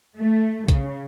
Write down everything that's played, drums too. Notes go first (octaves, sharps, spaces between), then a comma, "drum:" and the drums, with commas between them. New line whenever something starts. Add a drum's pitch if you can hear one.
A3
C#3, drum: kick B1, hi-hat